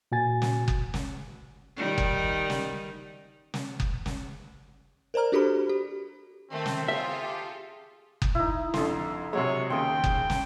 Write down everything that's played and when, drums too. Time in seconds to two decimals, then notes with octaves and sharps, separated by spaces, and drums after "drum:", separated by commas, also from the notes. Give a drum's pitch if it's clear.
0.12 A#2 F#4 G#5 A6
0.42 drum: snare
0.68 drum: kick F#1
0.94 drum: snare
1.76 D#3 G3 D#4
1.98 drum: kick F#1
2.50 drum: snare
3.54 drum: snare
3.80 drum: kick F#1
4.06 drum: snare
5.14 A#4 C5 D5 A#5 F6
5.32 D4 F#4 G4 A4 C5 B5
5.69 G4
6.52 D#3 A3 C4 C6
6.66 drum: snare
6.88 F4 G#4 A4 E5
7.21 G4
8.22 drum: kick F#1
8.35 D#4 E4
8.74 F2 D3 C6, drum: snare
9.33 C3 F#3 G#3 C#5
9.70 D#2 C#3 G5 C6 D#6
10.04 drum: kick F#1
10.30 drum: snare